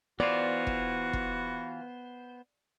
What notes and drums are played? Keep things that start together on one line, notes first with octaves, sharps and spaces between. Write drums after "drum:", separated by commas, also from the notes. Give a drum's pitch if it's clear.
E3 B3 F4 F#4 C5 D5
drum: kick F1
drum: kick F1